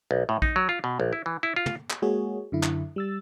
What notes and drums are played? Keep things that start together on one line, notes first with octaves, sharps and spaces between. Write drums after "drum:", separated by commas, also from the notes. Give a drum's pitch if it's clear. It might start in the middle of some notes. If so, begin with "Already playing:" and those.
B1
A2
D#4, drum: kick
F#3
F4
B2
A#1
E4
E3
E4
F4
drum: tom
drum: clap
G#3 A#3 F#4 G#4 C#5
F#2 D3 E4
drum: clap
G3 E6 A6